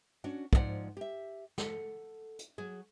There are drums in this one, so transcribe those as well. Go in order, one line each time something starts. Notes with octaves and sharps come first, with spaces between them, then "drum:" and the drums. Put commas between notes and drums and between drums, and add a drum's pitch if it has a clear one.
C#4 D4 F#4
G#2 F3 F4 C5 D5 F#5, drum: kick
G4 E5
A4 F#5, drum: snare
drum: hi-hat
F#3 G#4